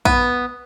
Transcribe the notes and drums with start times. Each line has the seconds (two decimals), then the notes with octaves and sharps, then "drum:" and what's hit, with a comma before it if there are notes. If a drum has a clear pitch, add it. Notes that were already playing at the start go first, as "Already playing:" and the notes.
0.05 B3, drum: kick A#1